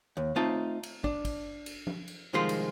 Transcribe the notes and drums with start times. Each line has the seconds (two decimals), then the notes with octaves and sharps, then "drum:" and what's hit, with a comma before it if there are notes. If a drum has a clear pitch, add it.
0.17 D#2
0.36 A3 C4 D#4 F4 A5
0.83 drum: cymbal
1.04 D4, drum: kick
1.25 drum: kick, cymbal
1.66 drum: cymbal
1.87 drum: tom F3
2.08 drum: cymbal
2.33 C2 D#3 F3 G#3 F4 C6
2.49 drum: cymbal